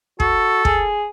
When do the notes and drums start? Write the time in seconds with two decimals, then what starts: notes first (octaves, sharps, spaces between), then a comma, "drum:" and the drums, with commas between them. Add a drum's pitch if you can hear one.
0.20 F#4 A4, drum: kick
0.65 G#4, drum: kick